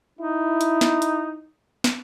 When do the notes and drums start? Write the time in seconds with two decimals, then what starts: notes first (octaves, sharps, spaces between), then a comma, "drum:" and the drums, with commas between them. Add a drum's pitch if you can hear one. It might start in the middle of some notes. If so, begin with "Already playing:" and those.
0.19 D#4 E4
0.61 drum: hi-hat
0.81 drum: snare
1.02 drum: hi-hat
1.84 drum: snare